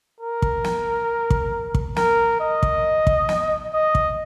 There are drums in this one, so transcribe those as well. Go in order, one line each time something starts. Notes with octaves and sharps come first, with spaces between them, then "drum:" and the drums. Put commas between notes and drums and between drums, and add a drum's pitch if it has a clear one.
A#4
drum: kick
drum: snare
drum: kick
drum: kick
A#4, drum: snare
D#5
drum: kick
drum: kick
drum: snare
D#5
drum: kick